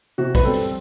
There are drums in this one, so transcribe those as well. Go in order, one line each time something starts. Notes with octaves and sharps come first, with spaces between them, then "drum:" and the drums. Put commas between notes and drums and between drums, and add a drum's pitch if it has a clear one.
C3 F#4
B4, drum: kick, hi-hat
G3 C4 A4
drum: hi-hat